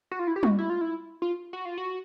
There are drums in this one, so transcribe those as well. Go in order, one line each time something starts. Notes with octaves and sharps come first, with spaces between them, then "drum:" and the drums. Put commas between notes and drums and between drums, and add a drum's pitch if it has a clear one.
F#4
F4
E4
G4
F#4, drum: tom G3
E4
F4
E4
F4
F#4
F4
F#4